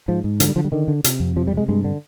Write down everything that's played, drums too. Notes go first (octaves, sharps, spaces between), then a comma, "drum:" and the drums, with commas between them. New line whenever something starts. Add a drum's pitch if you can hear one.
G#2 F3
G#2
D3 F3, drum: hi-hat
G3
D3 F3
G3
D3 D#3
D3
C3, drum: hi-hat
F2
C3 F3
G3
C3 G#3
G2 G#3
D3